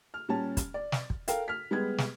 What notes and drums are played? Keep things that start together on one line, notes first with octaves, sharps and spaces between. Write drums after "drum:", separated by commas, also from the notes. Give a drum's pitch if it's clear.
F6
A#2 G3 C#4 A5
drum: kick, hi-hat
D5
drum: snare
drum: kick
A4 A#4 F5 G5, drum: hi-hat
F6 B6
G3 G#3 B3 G#6
drum: snare